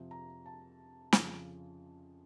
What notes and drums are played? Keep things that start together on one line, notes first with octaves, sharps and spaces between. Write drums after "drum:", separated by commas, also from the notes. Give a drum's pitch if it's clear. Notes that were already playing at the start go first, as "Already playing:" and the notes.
Already playing: F2 C3 F3
A#5
A5
F2 C#3 F3, drum: snare